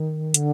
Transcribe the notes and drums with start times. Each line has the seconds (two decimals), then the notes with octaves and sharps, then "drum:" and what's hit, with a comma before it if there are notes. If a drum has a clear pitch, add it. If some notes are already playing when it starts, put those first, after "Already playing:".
Already playing: D#3
0.34 D3, drum: hi-hat